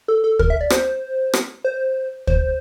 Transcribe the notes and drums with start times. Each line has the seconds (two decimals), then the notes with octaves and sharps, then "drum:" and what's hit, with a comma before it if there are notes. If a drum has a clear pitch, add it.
0.08 A4
0.24 A4
0.39 A#4, drum: kick
0.50 E5
0.61 D5
0.70 C5, drum: rim click
1.33 drum: rim click
1.65 C5
2.27 C5, drum: kick